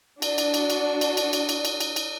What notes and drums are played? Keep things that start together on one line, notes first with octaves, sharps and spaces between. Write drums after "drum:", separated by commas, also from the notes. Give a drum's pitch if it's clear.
D4 F#4 D5, drum: cymbal
drum: cymbal
drum: cymbal
drum: cymbal
drum: cymbal
drum: cymbal
drum: cymbal
drum: cymbal
drum: cymbal
drum: cymbal
drum: cymbal